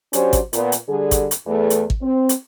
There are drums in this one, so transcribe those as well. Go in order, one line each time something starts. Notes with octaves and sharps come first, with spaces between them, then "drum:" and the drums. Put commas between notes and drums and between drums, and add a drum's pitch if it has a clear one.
F#3 C#4 D4 G4 C5, drum: hi-hat
drum: kick, hi-hat
A#2 B3, drum: hi-hat
drum: hi-hat
D3 G3 G#4
drum: kick, hi-hat
drum: hi-hat
E2 A3
drum: hi-hat
drum: kick
C4
drum: hi-hat